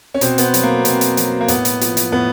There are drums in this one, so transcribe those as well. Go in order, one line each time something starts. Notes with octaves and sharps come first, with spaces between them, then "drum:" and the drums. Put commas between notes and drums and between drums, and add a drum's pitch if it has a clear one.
C#4
B2 C4, drum: hi-hat
B3, drum: hi-hat
C4
F#3, drum: hi-hat
A#3
B2 C4, drum: hi-hat
drum: hi-hat
F#3, drum: hi-hat
A#3
A2 B3, drum: hi-hat
drum: hi-hat
F3, drum: hi-hat
drum: hi-hat
A2 B3